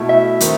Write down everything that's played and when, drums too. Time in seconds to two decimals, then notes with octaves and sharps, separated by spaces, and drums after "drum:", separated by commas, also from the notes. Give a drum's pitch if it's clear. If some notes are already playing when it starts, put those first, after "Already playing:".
Already playing: B2 A3 E4
0.09 E5
0.40 D#3 A3 C4, drum: hi-hat